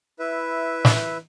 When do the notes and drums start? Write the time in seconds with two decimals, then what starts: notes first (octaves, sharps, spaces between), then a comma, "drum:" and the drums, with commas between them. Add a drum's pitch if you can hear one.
0.19 E4 B4 E5
0.85 drum: snare